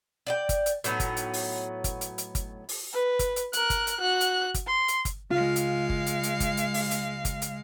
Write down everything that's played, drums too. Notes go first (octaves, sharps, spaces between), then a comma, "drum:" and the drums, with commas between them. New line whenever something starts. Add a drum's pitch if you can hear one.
D5 D#5 G5
drum: kick G1, hi-hat
drum: hi-hat
A2 F#3 B3 D#4, drum: hi-hat
drum: kick G1, hi-hat
drum: hi-hat
drum: open hi-hat
drum: kick G1, hi-hat
drum: hi-hat
drum: hi-hat
drum: kick G1, hi-hat
drum: open hi-hat
B4
drum: kick G1, hi-hat
drum: hi-hat
A#4 F#6, drum: hi-hat
drum: kick G1, hi-hat
drum: hi-hat
F#4 F#6
drum: hi-hat
drum: kick G1, hi-hat
C6
drum: hi-hat
drum: kick G1, hi-hat
C#2 G#3 F4 F5
drum: hi-hat
drum: kick G1
drum: hi-hat
drum: hi-hat
drum: kick G1, hi-hat
drum: hi-hat
drum: open hi-hat
drum: hi-hat
drum: kick G1, hi-hat
drum: hi-hat